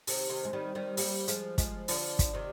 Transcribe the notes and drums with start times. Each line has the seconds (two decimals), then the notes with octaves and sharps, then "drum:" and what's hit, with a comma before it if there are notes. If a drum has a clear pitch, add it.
0.07 C3 D#3 C5, drum: open hi-hat
0.29 C3 D#3
0.45 G#3
0.53 D#3 G3
0.75 D#3 G3
0.97 G3 A#3, drum: open hi-hat
1.28 F3 G#3, drum: hi-hat
1.58 F3 G#3, drum: kick, hi-hat
1.88 D3 F3 D5, drum: open hi-hat
2.19 drum: kick, hi-hat
2.34 C3 D#3